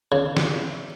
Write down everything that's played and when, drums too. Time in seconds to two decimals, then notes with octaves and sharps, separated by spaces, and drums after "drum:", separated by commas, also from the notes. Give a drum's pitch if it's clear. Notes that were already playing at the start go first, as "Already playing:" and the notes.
0.12 C#3
0.37 drum: snare